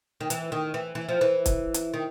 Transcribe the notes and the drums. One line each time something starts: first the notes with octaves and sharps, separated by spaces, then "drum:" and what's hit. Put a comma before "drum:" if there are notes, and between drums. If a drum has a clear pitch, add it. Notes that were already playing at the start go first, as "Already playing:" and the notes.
D#3
E3, drum: hi-hat
D#3
E3
E3
F3
E3
drum: kick C#1, hi-hat
drum: hi-hat
D#3